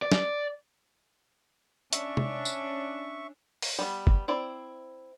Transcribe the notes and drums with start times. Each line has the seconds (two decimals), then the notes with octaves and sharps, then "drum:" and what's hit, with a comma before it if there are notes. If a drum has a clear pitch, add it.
0.02 D5
0.12 drum: snare
1.93 C#4 D4 E5 C#6, drum: hi-hat
2.17 drum: tom C3
2.45 drum: tambourine
3.62 drum: open hi-hat
3.79 G3 B3
4.07 drum: kick G1
4.28 C4 E4 D5